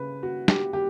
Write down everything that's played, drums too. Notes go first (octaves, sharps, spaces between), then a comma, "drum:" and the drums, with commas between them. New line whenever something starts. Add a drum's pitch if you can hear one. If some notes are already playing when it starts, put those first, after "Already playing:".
Already playing: C#3 B4
F#4
G4, drum: snare
G4